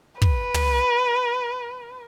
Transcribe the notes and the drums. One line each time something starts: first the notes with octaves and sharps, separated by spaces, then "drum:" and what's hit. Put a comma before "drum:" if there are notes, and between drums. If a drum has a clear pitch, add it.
B4, drum: kick
drum: tom